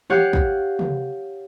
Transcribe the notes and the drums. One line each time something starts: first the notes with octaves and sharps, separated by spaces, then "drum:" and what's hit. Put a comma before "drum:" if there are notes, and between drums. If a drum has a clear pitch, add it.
G4 C#5 F5 F#5 F#6, drum: tom
drum: kick A1
drum: tom